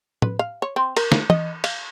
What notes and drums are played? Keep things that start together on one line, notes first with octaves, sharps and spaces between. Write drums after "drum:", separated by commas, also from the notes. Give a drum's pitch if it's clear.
B4, drum: tom
F5
C#5
C4
A#4, drum: cymbal
drum: snare
D#5, drum: tom E3
F5, drum: cymbal